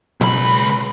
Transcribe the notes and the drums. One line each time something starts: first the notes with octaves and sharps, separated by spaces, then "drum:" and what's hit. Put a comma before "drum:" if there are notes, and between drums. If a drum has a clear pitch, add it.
C#2 B5, drum: tom